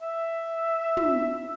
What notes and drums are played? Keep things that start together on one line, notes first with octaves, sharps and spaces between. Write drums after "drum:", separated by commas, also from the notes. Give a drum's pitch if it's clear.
E5
drum: tom